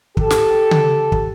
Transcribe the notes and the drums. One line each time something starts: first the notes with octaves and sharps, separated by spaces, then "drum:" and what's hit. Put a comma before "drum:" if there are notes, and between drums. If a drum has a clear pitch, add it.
G4 A4, drum: kick
drum: snare
drum: tom C#3
drum: kick